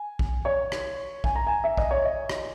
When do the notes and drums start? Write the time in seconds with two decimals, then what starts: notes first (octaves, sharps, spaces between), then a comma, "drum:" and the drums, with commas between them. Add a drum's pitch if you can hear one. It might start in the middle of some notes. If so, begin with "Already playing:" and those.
Already playing: G#5
0.19 drum: kick A#1
0.45 C#5
0.72 drum: rim click
1.24 G#5, drum: kick A#1
1.35 A#5
1.47 G#5
1.64 E5
1.77 D#5, drum: kick A#1
1.91 C#5
2.04 D#5
2.29 drum: rim click